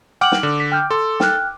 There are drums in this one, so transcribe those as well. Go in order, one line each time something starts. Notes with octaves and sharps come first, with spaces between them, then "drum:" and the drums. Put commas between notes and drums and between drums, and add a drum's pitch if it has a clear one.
F#5 G5 D6 F6 F#7
drum: snare
D3
B6
G5 F6 G6
A4 C6 E6
G5 F6 F#6, drum: snare